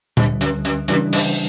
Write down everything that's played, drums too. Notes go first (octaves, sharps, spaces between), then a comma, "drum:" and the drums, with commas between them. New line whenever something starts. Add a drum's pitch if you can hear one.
D2 G2 D3 G3, drum: tom A#2
F#2, drum: hi-hat
F#2, drum: hi-hat
F#2 C#3 E3 G3 D4, drum: hi-hat
G2, drum: open hi-hat